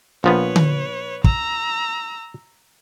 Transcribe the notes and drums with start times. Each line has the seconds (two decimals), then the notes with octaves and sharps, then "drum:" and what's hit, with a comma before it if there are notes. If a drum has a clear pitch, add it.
0.24 A#1 F3 B3 B4 C#5
0.56 drum: tom D3
1.24 A#5 E6, drum: kick